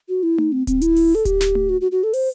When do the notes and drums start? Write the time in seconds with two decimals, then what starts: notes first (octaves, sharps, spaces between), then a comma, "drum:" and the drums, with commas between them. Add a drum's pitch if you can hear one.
0.09 F#4
0.23 E4
0.38 D#4, drum: tom A3
0.52 C4
0.67 C4, drum: kick D1, hi-hat
0.81 E4, drum: hi-hat
0.96 drum: open hi-hat
1.15 A4
1.25 G4, drum: kick D1, hi-hat
1.40 drum: snare
1.55 drum: tom A3
1.69 F#4
1.81 F#4
1.92 F#4
2.03 A4
2.13 C5, drum: open hi-hat